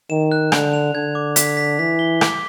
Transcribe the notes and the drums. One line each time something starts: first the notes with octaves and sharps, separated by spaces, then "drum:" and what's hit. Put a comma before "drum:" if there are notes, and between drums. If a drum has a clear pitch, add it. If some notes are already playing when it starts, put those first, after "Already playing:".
D#3 E7
F#6
D3 F7, drum: rim click
F7
D3 G#6
D6
B6, drum: hi-hat
B6
E3 B6
G7
D6, drum: rim click